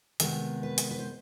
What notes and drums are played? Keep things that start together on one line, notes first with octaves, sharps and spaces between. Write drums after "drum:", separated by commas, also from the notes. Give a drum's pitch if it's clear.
C3 D#3 G#3 B3 A#4, drum: hi-hat
B4
drum: hi-hat
B4
C5